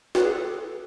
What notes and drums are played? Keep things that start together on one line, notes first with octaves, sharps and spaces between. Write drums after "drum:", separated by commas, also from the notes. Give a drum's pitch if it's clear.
B4, drum: snare
G#4
A4